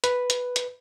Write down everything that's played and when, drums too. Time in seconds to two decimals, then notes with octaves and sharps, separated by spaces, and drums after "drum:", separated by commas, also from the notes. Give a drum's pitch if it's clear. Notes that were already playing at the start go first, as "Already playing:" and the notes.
0.04 B4, drum: hi-hat
0.30 drum: hi-hat
0.56 drum: hi-hat